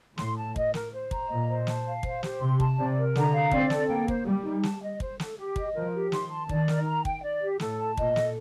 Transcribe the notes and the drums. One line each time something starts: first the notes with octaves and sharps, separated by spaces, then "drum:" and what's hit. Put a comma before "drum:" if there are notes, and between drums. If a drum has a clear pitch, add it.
A2 C6, drum: snare
A5
D#5, drum: kick
A#4, drum: snare
C5
A#5, drum: kick
A#2 D#5
C5
A5, drum: snare
F5
C5, drum: kick
G4, drum: snare
C3 C6
A5, drum: kick
C3 D5
A#4
D3 A#5, drum: snare
F5
C4 D5, drum: kick
A4, drum: snare
A#3 G5
C5, drum: kick
G3 G4
D#4
A5, drum: snare
D#5
C5, drum: kick
A4, drum: snare
G4
D#5, drum: kick
F3 A#4
G4
D#3 C6, drum: snare
A5
D#3 D5, drum: kick
A#4, drum: snare
A#5
G5, drum: kick
D5
G4
A2 A4, drum: snare
A5
A#2 D#5, drum: kick
A4, drum: snare